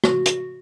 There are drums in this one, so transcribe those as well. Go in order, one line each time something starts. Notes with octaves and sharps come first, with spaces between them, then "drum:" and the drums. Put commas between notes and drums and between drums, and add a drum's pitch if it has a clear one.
F#4, drum: rim click
drum: hi-hat